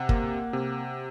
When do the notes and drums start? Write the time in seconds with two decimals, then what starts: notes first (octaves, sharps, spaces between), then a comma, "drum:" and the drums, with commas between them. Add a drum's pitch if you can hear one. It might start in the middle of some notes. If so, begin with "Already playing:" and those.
Already playing: C3 F#5
0.09 A#3, drum: kick
0.53 C3